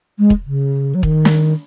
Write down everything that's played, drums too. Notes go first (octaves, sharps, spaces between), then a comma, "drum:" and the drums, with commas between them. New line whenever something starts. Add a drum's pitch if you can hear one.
G#3
drum: kick
C#3
F#3
D#3, drum: kick
drum: snare